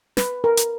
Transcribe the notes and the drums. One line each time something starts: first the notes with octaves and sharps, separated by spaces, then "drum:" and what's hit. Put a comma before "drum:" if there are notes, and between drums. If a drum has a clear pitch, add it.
B4, drum: snare
A#4
drum: hi-hat